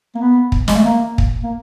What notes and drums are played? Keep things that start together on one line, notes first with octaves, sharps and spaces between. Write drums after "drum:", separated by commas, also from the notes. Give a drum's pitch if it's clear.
A#3
B3
drum: kick
G#3, drum: snare
A3
A#3
drum: kick
A#3